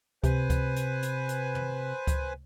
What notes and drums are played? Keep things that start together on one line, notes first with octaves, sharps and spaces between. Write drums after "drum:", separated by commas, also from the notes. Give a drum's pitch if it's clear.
C3 B4 C5 G#5, drum: kick C#2, hi-hat
drum: kick C#2, hi-hat
drum: hi-hat
drum: hi-hat
drum: hi-hat
drum: tom
drum: kick C#2, hi-hat